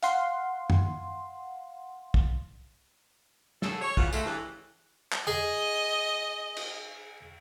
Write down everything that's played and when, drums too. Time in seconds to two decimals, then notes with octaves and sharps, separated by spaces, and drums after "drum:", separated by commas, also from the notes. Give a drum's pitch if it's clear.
0.03 F5 F#5 C6, drum: hi-hat
0.70 drum: tom F#2
2.14 drum: kick
3.62 F#2 C#3 G#4 A4, drum: snare
3.82 C#5
3.97 C#3 E3 G3 F4 F#4, drum: kick
4.13 G#3 A3, drum: tambourine
4.25 G2 C#3 E3
5.12 drum: clap
5.27 G#4 D#5
6.56 drum: cymbal